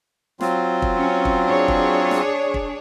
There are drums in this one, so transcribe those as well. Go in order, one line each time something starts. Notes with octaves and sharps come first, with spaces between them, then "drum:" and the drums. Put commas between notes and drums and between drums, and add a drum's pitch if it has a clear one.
F#3 C4 F4, drum: snare
drum: kick
C#4
drum: kick
D4 G#4 C#5
drum: kick
drum: snare
drum: kick